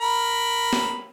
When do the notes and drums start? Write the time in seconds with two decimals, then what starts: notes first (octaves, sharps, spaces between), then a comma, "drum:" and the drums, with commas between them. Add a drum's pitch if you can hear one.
0.01 A#4 B5
0.73 drum: snare